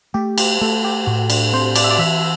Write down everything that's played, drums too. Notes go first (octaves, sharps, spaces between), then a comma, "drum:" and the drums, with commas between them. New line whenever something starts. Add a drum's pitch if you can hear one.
A3 G4
G4, drum: cymbal
A3 A4
G4
A2 F#4
D4, drum: cymbal
C4 C5
D5, drum: cymbal
E5
D5
E3 E5